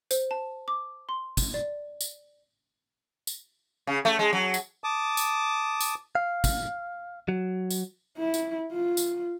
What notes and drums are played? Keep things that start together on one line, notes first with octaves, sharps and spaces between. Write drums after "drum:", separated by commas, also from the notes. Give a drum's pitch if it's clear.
C5, drum: tambourine
A5
D6
C6
drum: kick, tambourine
D5
drum: tambourine
drum: tambourine
C#3
A3
G#3
F#3
drum: tambourine
A5 D6 D#6
drum: tambourine
drum: tambourine
F5
drum: kick, tambourine
F#3
drum: tambourine
E4
drum: tambourine
F4
drum: tambourine